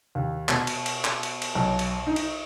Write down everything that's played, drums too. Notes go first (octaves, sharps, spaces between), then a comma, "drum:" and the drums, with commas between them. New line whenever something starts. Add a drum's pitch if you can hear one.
D#2
B2, drum: clap
drum: cymbal
drum: cymbal
drum: clap
drum: cymbal
drum: cymbal
B1
drum: cymbal
D#4
drum: cymbal